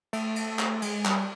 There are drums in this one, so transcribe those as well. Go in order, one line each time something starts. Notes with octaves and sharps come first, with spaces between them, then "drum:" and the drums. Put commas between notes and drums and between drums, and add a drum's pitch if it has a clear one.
A3, drum: cymbal
drum: cymbal
drum: clap
G#3, drum: cymbal
G3, drum: clap